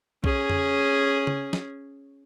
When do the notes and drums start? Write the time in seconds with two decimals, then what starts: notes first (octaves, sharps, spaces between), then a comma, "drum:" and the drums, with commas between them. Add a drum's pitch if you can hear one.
0.24 C#4 G#4, drum: kick B1
0.50 drum: tom F2
1.27 drum: tom C#3
1.53 drum: snare